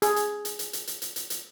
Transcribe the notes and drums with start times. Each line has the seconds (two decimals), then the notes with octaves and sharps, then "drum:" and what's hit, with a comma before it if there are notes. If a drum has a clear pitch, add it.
0.02 G#4, drum: hi-hat
0.16 drum: hi-hat
0.45 drum: hi-hat
0.59 drum: hi-hat
0.73 drum: hi-hat
0.87 drum: hi-hat
1.02 drum: hi-hat
1.16 drum: hi-hat
1.30 drum: hi-hat